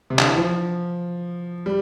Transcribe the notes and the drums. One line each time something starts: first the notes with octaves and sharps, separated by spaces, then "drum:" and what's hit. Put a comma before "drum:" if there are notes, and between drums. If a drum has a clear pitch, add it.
C3
D3, drum: clap
E3
F3
G3